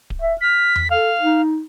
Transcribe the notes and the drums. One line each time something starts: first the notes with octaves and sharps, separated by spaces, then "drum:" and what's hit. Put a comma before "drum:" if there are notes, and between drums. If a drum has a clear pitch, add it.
drum: kick D1
E5
F6 B6
drum: tom E2
A4 F5
D#4